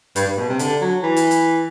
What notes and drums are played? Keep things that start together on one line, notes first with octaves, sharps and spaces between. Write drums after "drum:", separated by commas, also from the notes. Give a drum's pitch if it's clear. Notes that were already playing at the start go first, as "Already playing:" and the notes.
G2, drum: hi-hat
G2
B2
C3
D3, drum: hi-hat
F#3
E3
drum: hi-hat
drum: hi-hat